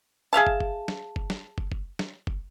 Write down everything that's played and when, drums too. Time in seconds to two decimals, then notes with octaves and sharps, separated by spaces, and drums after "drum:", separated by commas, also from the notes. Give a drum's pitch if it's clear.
0.33 G#4 E5 F5 A5
0.47 drum: kick
0.60 drum: kick
0.88 drum: snare
1.16 drum: kick
1.30 drum: snare
1.58 drum: kick
1.72 drum: kick
1.99 drum: snare
2.27 drum: kick